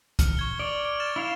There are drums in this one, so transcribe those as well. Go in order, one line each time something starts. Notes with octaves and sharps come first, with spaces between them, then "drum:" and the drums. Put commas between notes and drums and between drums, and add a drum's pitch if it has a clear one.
F6 C#7, drum: kick, hi-hat
C#6 G#6 G7
D5 D7 F7
D7
F6 A6 E7
E4 F5